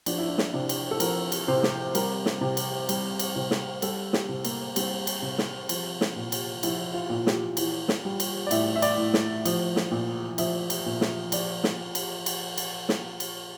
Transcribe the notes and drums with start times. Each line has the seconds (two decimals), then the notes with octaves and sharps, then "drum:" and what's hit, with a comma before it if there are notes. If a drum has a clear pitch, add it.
0.06 F3 D4, drum: cymbal
0.18 E4
0.28 D4
0.38 drum: snare
0.53 C3 D4
0.69 drum: cymbal
0.91 A4
1.00 F3 A#4, drum: cymbal
1.32 drum: cymbal
1.48 C3 C5
1.63 drum: snare
1.95 G3 A#4, drum: cymbal
2.26 drum: snare
2.41 C3
2.57 drum: cymbal
2.89 G3, drum: cymbal
3.19 drum: cymbal
3.36 C3
3.51 drum: snare
3.82 G3 A4, drum: cymbal
4.13 G4, drum: snare
4.29 C3
4.45 A#3, drum: cymbal
4.76 G3 C4, drum: cymbal
5.07 drum: cymbal
5.22 C3
5.38 drum: snare
5.69 F3, drum: cymbal
6.01 drum: snare
6.16 A#2
6.32 drum: cymbal
6.63 F3 E4, drum: cymbal
6.94 F4
7.10 A#2
7.27 G4, drum: snare
7.57 E3, drum: cymbal
7.89 drum: snare
8.05 G3
8.20 drum: cymbal
8.47 D5
8.51 A2 E5, drum: cymbal
8.76 E5
8.82 D5, drum: cymbal
8.98 A2
9.14 drum: snare
9.45 F3, drum: cymbal
9.76 drum: snare
9.91 A#2
10.38 F3 E5, drum: cymbal
10.70 drum: cymbal
10.86 A#2
11.01 drum: snare
11.32 F3 D5, drum: cymbal
11.64 drum: snare
11.95 drum: cymbal
12.26 drum: cymbal
12.58 drum: cymbal
12.89 drum: snare
13.20 drum: cymbal